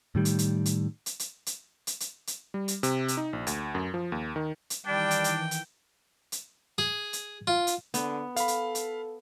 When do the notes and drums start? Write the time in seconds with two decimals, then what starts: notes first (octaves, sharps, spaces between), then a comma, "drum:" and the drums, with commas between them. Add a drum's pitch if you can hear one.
0.15 A2 D#3 G3
0.25 drum: hi-hat
0.39 drum: hi-hat
0.66 drum: hi-hat
1.06 drum: hi-hat
1.19 drum: hi-hat
1.46 drum: hi-hat
1.87 drum: hi-hat
2.00 drum: hi-hat
2.27 drum: hi-hat
2.54 G3
2.68 drum: hi-hat
2.83 C3, drum: hi-hat
3.08 drum: hi-hat
3.17 D#4
3.33 A#1
3.47 D2, drum: hi-hat
3.75 F#2
3.94 F3
4.12 D#2
4.36 D#3
4.70 drum: hi-hat
4.86 D#3 E3 G3 D4 G5
5.11 drum: hi-hat
5.24 drum: hi-hat
5.51 drum: hi-hat
6.32 drum: hi-hat
6.78 G#4
7.13 drum: hi-hat
7.47 F4
7.67 drum: hi-hat
7.94 D3 B3, drum: hi-hat
8.36 A4 F5 B5, drum: hi-hat
8.48 drum: hi-hat
8.75 drum: hi-hat